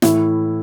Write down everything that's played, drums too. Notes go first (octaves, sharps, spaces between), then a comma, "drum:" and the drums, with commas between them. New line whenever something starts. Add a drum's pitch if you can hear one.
A2 E3 E4, drum: snare